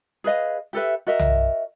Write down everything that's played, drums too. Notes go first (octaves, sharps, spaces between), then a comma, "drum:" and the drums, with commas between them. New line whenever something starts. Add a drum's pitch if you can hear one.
G#4 B4 D#5 F5
G4 A4 B4 E5
F#4 A#4 D#5 E5
drum: tom